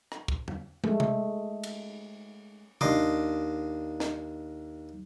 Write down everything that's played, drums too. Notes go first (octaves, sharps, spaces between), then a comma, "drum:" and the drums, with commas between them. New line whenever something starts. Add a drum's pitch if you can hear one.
drum: rim click
drum: kick
drum: tom E2
G#3 A3, drum: tom
drum: tom C3
drum: cymbal
D#2 D4 D#5 C6 D6, drum: tom C3
drum: snare